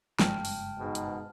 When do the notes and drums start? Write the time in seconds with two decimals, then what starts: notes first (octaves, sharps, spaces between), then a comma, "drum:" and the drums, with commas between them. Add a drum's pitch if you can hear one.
0.19 F#1 G2 G#3 G5 A5 F6, drum: snare
0.45 drum: open hi-hat
0.79 G#2 B2
0.95 drum: hi-hat